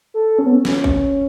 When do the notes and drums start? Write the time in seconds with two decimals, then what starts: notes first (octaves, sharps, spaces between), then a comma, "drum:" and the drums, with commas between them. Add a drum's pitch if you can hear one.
0.14 A4
0.39 C#4
0.46 B3
0.55 C#4
0.65 drum: snare
0.84 drum: kick